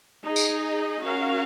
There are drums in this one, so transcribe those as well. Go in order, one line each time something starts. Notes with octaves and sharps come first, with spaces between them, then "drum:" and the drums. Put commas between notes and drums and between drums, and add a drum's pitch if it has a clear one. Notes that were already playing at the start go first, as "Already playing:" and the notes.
D#4 G#4 D#5
drum: tambourine
C#4 F#4 A#4 F5